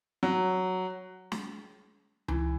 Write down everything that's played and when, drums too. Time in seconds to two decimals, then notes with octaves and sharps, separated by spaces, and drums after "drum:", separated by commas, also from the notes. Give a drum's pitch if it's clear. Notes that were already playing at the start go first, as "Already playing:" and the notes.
0.23 F#3
1.32 drum: snare
2.28 E3, drum: tom C#2